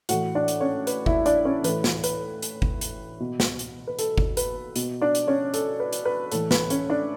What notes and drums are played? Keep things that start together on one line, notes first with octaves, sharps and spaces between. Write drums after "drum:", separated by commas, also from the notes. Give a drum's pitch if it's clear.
A2 E3 F#4 F#5, drum: hi-hat
D4 D5
drum: hi-hat
C#4 C#5
B4, drum: hi-hat
E4 E5, drum: kick G1
D4 D5, drum: hi-hat
C#4 C#5
A2 E3 B4, drum: hi-hat
drum: snare
B4, drum: hi-hat
drum: hi-hat
drum: kick G1
drum: hi-hat
B2
drum: snare
drum: hi-hat
B4
A4, drum: hi-hat
drum: kick G1
B4, drum: hi-hat
B2, drum: hi-hat
D4 D5
drum: hi-hat
C#4 C#5
A4, drum: hi-hat
B4
drum: hi-hat
B4
A2 E3 A4, drum: hi-hat
B4, drum: snare
C#4 C#5, drum: hi-hat
D4 D5